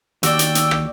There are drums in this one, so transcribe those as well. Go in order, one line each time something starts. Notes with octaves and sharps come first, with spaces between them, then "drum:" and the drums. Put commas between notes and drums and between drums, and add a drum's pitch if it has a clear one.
D#2 F#4 D5 G5 E6, drum: hi-hat
drum: hi-hat
drum: hi-hat
drum: rim click